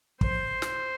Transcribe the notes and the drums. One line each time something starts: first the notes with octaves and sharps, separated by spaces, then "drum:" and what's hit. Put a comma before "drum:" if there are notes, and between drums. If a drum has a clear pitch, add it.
C5, drum: kick
drum: snare